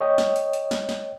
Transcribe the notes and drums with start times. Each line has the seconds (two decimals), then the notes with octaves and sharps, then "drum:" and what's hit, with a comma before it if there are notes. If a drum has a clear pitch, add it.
0.01 C#5 D#5 G5
0.18 drum: snare
0.36 drum: hi-hat
0.53 drum: hi-hat
0.71 drum: snare
0.89 drum: snare